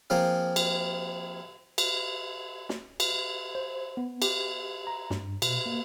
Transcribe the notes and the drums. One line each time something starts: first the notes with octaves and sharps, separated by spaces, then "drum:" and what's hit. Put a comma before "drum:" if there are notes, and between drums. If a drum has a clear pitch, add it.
F3 A#3 C4 G#4 F5
drum: cymbal
drum: cymbal
drum: snare
drum: cymbal
C5
B3
G4, drum: cymbal
A#5
G2, drum: snare
B2, drum: cymbal
A#3